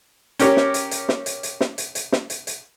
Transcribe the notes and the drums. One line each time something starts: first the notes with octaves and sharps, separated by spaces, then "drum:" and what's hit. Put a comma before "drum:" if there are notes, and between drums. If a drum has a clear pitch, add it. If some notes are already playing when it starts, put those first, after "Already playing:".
C#4 G4 A#4 C#5, drum: hi-hat
drum: snare
drum: hi-hat
drum: hi-hat
drum: snare
drum: hi-hat
drum: hi-hat
drum: snare
drum: hi-hat
drum: hi-hat
drum: snare
drum: hi-hat
drum: hi-hat